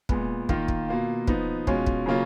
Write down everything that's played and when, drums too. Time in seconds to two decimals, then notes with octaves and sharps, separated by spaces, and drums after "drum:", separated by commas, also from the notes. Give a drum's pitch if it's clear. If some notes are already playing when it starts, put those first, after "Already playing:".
0.09 A#2 G#3 B3, drum: kick
0.49 D#3 A#3 F4, drum: kick
0.68 drum: kick
0.89 B2 A#3 F4
1.28 F3 B3 D#4, drum: kick
1.67 B2 G#3 C#4 F4, drum: kick
1.86 drum: kick
2.06 C#3 F#3 A#3 C#4 F4